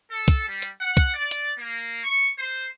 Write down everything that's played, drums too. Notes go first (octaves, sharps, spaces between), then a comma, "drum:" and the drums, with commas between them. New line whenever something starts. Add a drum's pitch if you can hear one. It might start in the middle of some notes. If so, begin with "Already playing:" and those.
A4
drum: kick, hi-hat
G3
drum: hi-hat
F#5
drum: kick, hi-hat
D5
drum: hi-hat
A#3
C#6
C5